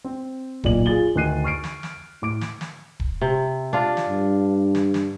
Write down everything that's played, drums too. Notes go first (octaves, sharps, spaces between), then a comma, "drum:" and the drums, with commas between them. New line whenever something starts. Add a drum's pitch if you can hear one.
C4
B1 A#2 D5 F#7, drum: kick D#1
F4 G#4 A6 G7
D2 D#3 G#5 F#6 C7 D#7
C#6 F6 C7 D7
drum: snare
drum: snare
A2 D6 D7
drum: snare
drum: snare
drum: kick D#1
C3
D4 F4
drum: snare
G2
drum: snare
drum: snare